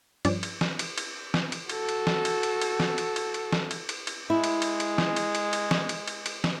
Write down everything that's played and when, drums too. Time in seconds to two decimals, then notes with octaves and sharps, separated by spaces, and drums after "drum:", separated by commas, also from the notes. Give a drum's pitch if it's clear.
0.25 G2 F3 C#4 D5, drum: cymbal
0.43 drum: cymbal
0.61 drum: snare
0.79 drum: cymbal
0.98 drum: cymbal
1.34 drum: snare
1.52 drum: cymbal
1.69 F#4 A4, drum: cymbal
1.89 drum: cymbal
2.07 drum: snare
2.25 drum: cymbal
2.43 drum: cymbal
2.61 drum: cymbal
2.80 drum: snare
2.98 drum: cymbal
3.16 drum: cymbal
3.34 drum: cymbal
3.53 drum: snare
3.71 drum: cymbal
3.89 drum: cymbal
4.07 drum: cymbal
4.30 G#3 E4
4.44 drum: cymbal
4.62 drum: cymbal
4.80 drum: cymbal
4.98 drum: snare
5.16 drum: cymbal
5.35 drum: cymbal
5.53 drum: cymbal
5.71 drum: snare
5.89 drum: cymbal
6.07 drum: cymbal
6.26 drum: cymbal
6.44 drum: snare